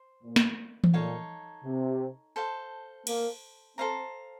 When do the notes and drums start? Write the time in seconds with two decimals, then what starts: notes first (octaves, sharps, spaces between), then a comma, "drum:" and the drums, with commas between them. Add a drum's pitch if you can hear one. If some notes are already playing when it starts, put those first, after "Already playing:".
Already playing: C5
0.24 A#2
0.36 drum: snare
0.84 drum: tom E3
0.93 A#2 D#4 A4 C#5 F5
1.65 C3
2.36 A4 C5 F5
3.07 A#3, drum: cymbal
3.78 C4 A4 C5 F5 A#5